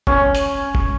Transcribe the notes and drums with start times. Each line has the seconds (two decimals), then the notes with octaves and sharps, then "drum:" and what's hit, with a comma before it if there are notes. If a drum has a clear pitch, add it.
0.07 C#4, drum: kick
0.35 drum: hi-hat
0.75 drum: kick